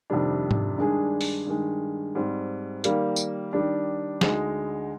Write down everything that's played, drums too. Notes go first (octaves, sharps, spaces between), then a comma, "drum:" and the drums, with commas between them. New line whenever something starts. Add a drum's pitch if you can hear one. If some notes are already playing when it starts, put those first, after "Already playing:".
F2 C3 D#3 G3 D4
drum: tom G#2
G2 D#3 G#3 D4 G#4
drum: open hi-hat
G2 D#3 G#3
G#2 G3 C4
D#3 G3 A#3, drum: hi-hat
drum: tambourine
D#3 G3 D4
D2 D3 G#3 D#4, drum: snare